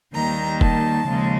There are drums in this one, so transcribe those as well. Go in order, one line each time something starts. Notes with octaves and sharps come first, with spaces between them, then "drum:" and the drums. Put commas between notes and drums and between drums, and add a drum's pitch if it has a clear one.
D#2 D#3 G3 A#3 A#5
A5, drum: kick
D#2 C#3 F3 G#3